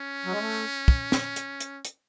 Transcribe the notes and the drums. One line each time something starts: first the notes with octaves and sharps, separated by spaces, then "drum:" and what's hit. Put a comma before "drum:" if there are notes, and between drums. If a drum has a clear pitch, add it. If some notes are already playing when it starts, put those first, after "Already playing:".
Already playing: C#4
F#3
G#3
A3
drum: kick
drum: snare
drum: hi-hat
drum: hi-hat
drum: hi-hat